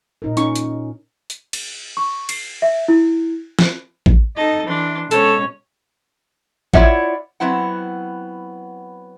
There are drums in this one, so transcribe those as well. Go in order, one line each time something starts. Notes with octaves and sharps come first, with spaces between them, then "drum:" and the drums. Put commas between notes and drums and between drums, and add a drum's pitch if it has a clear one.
A#2 D#4 A#4
C#4 D#4 C#6, drum: hi-hat
drum: hi-hat
drum: hi-hat
drum: cymbal
C#6
C7, drum: cymbal
E5
E4
drum: snare
drum: kick A1
D#4 A4 D#5 A5
E3 D4 C6
B2 G#3 C#4 A4 C#5, drum: hi-hat
E4 F4 C#5 D5 E5 F#5, drum: kick A1
F#3 B3 C4 E4 F#5